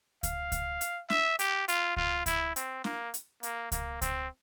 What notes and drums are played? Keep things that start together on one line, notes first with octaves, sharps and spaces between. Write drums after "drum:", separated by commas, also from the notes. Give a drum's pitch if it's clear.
F5, drum: kick C#2, hi-hat
drum: kick C#2, hi-hat
drum: hi-hat
E5, drum: snare
G4, drum: hi-hat
F4, drum: hi-hat
F4, drum: kick C#2
E4, drum: kick C#2, hi-hat
C4, drum: hi-hat
A#3, drum: snare
drum: hi-hat
A#3, drum: hi-hat
A#3, drum: kick C#2, hi-hat
C4, drum: kick C#2, hi-hat